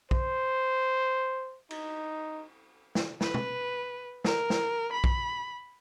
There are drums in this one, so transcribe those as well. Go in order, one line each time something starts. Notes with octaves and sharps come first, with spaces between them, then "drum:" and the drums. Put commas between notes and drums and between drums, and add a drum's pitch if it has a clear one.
C5, drum: kick
D#4, drum: cymbal
drum: snare
B4, drum: snare
drum: tom B2
A#4, drum: snare
drum: snare
B5
drum: kick